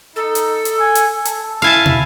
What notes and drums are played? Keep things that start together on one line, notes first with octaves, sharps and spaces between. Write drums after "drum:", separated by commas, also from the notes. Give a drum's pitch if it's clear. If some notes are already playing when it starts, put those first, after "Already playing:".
D#4 A4
drum: hi-hat
drum: hi-hat
G#5
drum: hi-hat
A4, drum: hi-hat
E4 F5 G#5 A5
drum: tom